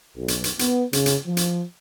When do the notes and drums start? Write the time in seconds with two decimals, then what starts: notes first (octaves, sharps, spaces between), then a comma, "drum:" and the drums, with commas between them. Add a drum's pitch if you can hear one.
0.16 B1
0.28 drum: hi-hat
0.44 drum: hi-hat
0.59 B3, drum: hi-hat
0.93 C#3, drum: hi-hat
1.06 drum: hi-hat
1.26 F3
1.37 drum: hi-hat